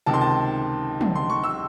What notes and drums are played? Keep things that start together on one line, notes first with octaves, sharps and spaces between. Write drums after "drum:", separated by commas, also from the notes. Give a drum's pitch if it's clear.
C#2 C3 D#3 A5
C6
A5
drum: tom
C6
C#6
E6